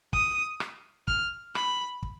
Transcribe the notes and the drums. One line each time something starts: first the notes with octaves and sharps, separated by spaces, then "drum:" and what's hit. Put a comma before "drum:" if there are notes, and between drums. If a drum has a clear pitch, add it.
D#6, drum: kick
drum: rim click
F6, drum: kick
B5, drum: rim click
drum: kick